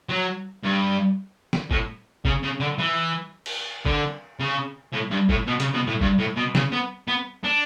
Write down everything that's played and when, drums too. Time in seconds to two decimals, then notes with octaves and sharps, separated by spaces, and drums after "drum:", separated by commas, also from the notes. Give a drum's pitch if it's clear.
0.09 F#3
0.63 G2
1.53 drum: snare
1.71 A2, drum: kick
2.25 C#3, drum: kick
2.43 C#3
2.60 D3
2.79 E3
3.46 drum: cymbal
3.86 D3, drum: kick
4.40 C#3
4.93 A2
5.11 G2
5.29 A2, drum: kick
5.47 B2
5.60 C#3, drum: hi-hat
5.74 B2
5.87 A2
6.01 G2, drum: kick
6.18 A2
6.36 B2
6.55 C#3, drum: snare
6.72 B3
7.08 B3
7.44 D4